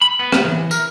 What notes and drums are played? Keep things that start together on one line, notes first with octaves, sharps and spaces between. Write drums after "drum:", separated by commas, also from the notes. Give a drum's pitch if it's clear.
B5
B3
drum: rim click
E3
A#4, drum: tambourine